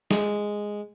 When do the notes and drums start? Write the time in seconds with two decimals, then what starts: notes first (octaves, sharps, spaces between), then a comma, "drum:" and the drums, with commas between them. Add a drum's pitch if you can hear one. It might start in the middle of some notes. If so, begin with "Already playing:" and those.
0.11 G#3, drum: snare